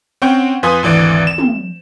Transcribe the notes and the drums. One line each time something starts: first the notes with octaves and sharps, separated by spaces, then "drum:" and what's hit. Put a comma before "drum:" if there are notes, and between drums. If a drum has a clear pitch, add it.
C4 C#4 F#5 G5 C#6 G6
F2 F4 B4 G#5 C6 D#6
G#1 D2 E3 D5 D6
E7
drum: tom